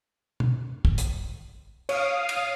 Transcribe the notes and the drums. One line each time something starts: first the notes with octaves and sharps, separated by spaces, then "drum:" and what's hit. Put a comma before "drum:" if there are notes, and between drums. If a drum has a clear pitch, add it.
drum: tom B2
drum: kick
drum: hi-hat
C#5 F5 D#6, drum: cymbal
drum: cymbal